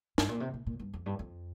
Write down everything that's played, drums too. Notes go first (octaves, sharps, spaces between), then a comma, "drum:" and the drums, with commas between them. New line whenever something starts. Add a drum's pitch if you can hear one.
G2, drum: snare
A#2
C3
A#2
A#2
G2
F2
G2
F2